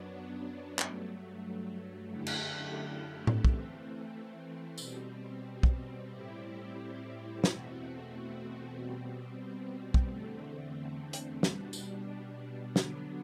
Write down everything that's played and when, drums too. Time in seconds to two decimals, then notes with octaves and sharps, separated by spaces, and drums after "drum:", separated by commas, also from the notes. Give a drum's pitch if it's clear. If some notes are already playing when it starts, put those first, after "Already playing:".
Already playing: F#2 F#3 B3 D4
0.79 G2 F#3 A3, drum: clap
2.12 F#2 D3 A3 E4 G4
2.27 drum: cymbal
3.27 drum: tom A2
3.45 E3 A3 C4, drum: kick
4.78 B2 G3 C4, drum: tambourine
5.63 drum: kick
6.11 A2 G3 C4 E4 G4
7.44 E2 B2 A3 C4 F#4, drum: snare
8.77 B2 G3 C4
9.94 drum: kick
10.09 E2 D3 A3 C4
11.13 drum: hi-hat
11.43 B2 G3 D4, drum: snare
11.73 drum: tambourine
12.76 D3 F#3 B3 D4, drum: snare